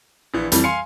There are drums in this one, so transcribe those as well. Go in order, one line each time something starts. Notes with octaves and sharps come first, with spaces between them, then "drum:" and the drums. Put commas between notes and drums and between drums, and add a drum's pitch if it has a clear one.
A#1 E3
F2 E3 G3, drum: hi-hat
F5 G#5 C6 C#7